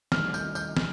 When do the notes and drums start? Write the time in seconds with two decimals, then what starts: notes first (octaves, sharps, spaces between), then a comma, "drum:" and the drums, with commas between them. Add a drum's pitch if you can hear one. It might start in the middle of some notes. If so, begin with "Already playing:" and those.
0.12 C2 C3 D#3 A3 F6, drum: snare
0.34 G6, drum: tambourine
0.55 G6, drum: tambourine
0.77 F6, drum: snare